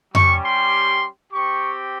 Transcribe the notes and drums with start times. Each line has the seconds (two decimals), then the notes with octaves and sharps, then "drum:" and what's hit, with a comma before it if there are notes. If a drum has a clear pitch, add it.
0.15 G3 C#4 G4 C#6, drum: tom F2
0.44 C6
1.32 C4 G4 C#6